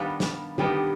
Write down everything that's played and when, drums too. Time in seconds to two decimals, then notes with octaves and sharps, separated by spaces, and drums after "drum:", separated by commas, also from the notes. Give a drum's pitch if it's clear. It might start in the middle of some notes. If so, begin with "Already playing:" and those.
Already playing: D#3 G3 B3 D4 F5
0.20 drum: snare
0.58 D#3 G3 B3 D4 G4 G5, drum: tom D3